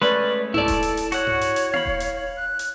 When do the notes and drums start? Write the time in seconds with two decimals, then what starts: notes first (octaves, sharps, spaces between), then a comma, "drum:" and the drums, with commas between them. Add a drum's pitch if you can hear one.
0.02 G#3 A3 C#4 B4 D5
0.54 E4 A4 D5, drum: tom G2
0.68 drum: kick D#1, hi-hat
0.83 drum: hi-hat
0.97 drum: hi-hat
1.12 F#4 C#5 F#5, drum: hi-hat
1.27 drum: tom G2
1.41 drum: hi-hat
1.56 drum: hi-hat
1.74 F5 B5, drum: tom A#3
1.86 drum: kick D#1
2.00 drum: hi-hat
2.36 F#6
2.59 drum: hi-hat